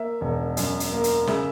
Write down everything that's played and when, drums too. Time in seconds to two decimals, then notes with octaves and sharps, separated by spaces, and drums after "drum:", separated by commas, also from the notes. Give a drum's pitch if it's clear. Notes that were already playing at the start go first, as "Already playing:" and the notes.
Already playing: A#3 E5
0.21 E1
0.57 F#2, drum: hi-hat
0.80 drum: hi-hat
0.92 A#3
1.04 drum: hi-hat
1.27 C#3 E5, drum: snare